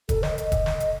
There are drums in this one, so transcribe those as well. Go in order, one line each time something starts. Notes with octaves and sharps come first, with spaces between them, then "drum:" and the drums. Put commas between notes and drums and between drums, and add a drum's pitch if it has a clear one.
A4, drum: kick, hi-hat
D#5, drum: snare
D#5, drum: hi-hat
drum: kick, hi-hat
drum: snare
drum: hi-hat